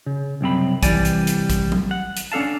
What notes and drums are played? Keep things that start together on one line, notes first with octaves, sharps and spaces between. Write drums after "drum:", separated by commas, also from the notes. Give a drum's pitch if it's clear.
C#3
C2 F#2 C4 B5
C2 G#2 E3 G3 D5 G#5, drum: kick A#1, hi-hat
drum: hi-hat
drum: hi-hat
drum: kick A#1, hi-hat
drum: tom F#3
F#5
drum: hi-hat
C#4 D4 A4 F5 A5